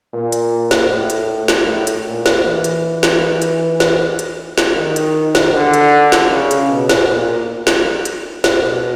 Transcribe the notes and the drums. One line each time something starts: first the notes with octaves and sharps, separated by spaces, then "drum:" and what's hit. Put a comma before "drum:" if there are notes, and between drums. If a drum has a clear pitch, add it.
A#2
drum: hi-hat
drum: snare
A2
drum: hi-hat
drum: snare
A2
drum: hi-hat
A#2
drum: snare
E3
drum: hi-hat
drum: snare
drum: hi-hat
drum: snare
drum: hi-hat
drum: snare
D#3
drum: hi-hat
drum: snare
D3
drum: hi-hat
drum: snare
C#3
drum: hi-hat
B2
drum: snare
A#2
drum: snare
drum: hi-hat
drum: snare
B2